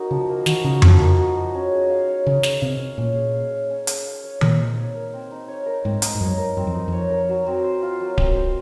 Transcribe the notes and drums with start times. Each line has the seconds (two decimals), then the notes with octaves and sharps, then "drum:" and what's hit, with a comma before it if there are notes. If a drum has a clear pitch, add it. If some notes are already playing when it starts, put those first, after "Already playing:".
Already playing: A#3 D#4 F#4
0.10 C#3 F3
0.29 A#3
0.46 D#3 F#4, drum: snare
0.64 C#3 D#4
0.82 F3, drum: tom F2
1.00 A#3
1.19 F#4
1.36 D#4
1.54 C#4
1.72 G#4
1.90 F5
2.08 C#5
2.26 C#3 C#4
2.43 G#4, drum: snare
2.61 C3 F5
2.79 C#5
2.98 A#2 C#4
3.15 G#4
3.34 F5
3.51 C#5
3.70 C#4
3.87 G#4, drum: hi-hat
4.05 F5
4.24 C#5
4.41 A#2 C4, drum: tom D#3
4.58 D#4
4.77 C#5
4.95 A#4
5.13 C4
5.31 D#4
5.48 C#5
5.66 A#4
5.84 G#2 C4
6.02 D#4, drum: hi-hat
6.15 G#2
6.21 F#2 C#5
6.38 A#4
6.57 F#2 C4
6.67 F2
6.74 D#4
6.88 F2 C#5
7.09 A#4
7.29 F#3
7.47 C4
7.63 C5
7.82 F4
8.00 F#3
8.18 C4, drum: kick D1
8.36 C5